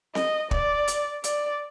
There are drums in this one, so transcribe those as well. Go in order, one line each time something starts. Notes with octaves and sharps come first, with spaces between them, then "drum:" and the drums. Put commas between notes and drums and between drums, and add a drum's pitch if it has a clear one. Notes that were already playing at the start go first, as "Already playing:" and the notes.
D#5, drum: snare C4
D5, drum: kick
drum: hi-hat
D5, drum: hi-hat